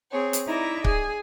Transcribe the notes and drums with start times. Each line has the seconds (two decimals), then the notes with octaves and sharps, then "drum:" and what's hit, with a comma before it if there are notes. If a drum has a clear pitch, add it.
0.10 C4 G#4 C#5
0.33 drum: hi-hat
0.47 D#4 E4 D5 E5 A#5
0.84 G#4 G#5, drum: kick C#1